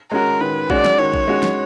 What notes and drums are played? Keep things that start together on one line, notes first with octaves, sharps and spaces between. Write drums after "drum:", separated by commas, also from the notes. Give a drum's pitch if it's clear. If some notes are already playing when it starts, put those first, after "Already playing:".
G#3 C#4 F#4 A#4
D#3 B4
G#3 C#4 F#4 D5, drum: kick A#1
drum: snare
D#3 C#5
drum: kick A#1
G#3 C#4 F#4
drum: snare